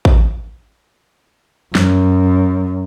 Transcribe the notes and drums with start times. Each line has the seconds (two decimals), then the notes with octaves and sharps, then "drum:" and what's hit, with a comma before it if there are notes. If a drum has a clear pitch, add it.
0.05 drum: kick A1
1.75 F#2, drum: snare